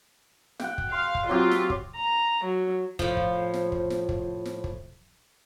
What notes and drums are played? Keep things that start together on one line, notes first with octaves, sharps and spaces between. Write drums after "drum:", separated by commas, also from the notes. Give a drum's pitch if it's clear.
F#5 G5, drum: snare
drum: kick
F5 C6
drum: kick
F#3 C4 F4 G4
drum: snare
drum: kick
A#5
F#3
A2 F3, drum: kick
drum: kick
drum: snare
drum: kick
drum: snare
drum: kick
drum: snare
drum: kick